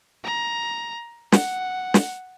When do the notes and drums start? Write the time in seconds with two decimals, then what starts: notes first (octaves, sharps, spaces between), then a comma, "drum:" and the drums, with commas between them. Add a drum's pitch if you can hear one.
0.24 A#5
1.32 F#5, drum: snare
1.94 drum: snare